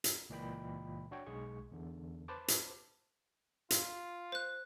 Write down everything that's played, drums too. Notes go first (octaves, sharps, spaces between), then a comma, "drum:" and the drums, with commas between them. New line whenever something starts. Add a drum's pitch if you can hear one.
drum: hi-hat
C#2 A#2 E3 D#5 G5 B5
D4 F#4 C#5 G5
B1 G#3 G#4 C#6
E2 D3
B4 C5 A5 D6
drum: hi-hat
F4, drum: hi-hat
C5 F#6